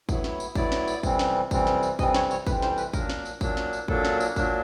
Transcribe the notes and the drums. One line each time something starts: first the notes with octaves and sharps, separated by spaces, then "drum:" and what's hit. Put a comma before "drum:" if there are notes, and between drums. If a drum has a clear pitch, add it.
A2 F#3 B3 E4, drum: kick, tambourine
drum: snare
drum: tambourine
A2 F#3 B3 E4 D5, drum: kick, tambourine
drum: snare
drum: tambourine
F2 C3 E3 G3 C4, drum: kick, tambourine
drum: snare
F2 C3 E3 G3 C4, drum: kick, tambourine
drum: snare
drum: tambourine
F2 C3 E3 G3 C4 D#5, drum: kick, tambourine
C#5, drum: snare
C#5, drum: tambourine
F2 C3 E3 G3 C4 B4, drum: kick, tambourine
C5, drum: snare
B4, drum: tambourine
A#2 F#3 A#3 D4 A#4, drum: kick, tambourine
drum: snare
drum: tambourine
A#2 F#3 A#3 D4, drum: kick, tambourine
drum: snare
drum: tambourine
A#2 F#3 A#3 D4 A4, drum: kick
drum: snare
drum: tambourine
A#2 F#3 A#3 D4, drum: kick, tambourine